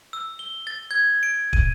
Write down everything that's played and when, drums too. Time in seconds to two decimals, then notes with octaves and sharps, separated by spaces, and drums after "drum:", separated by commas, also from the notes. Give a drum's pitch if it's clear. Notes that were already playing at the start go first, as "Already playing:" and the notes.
0.13 E6
0.39 G7
0.67 A6
0.91 G#6
1.23 D7
1.53 D#7, drum: kick